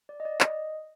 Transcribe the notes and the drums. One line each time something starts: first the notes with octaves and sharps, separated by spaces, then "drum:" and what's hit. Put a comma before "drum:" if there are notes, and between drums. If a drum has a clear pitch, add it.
D5
D#5
D5
D#5, drum: clap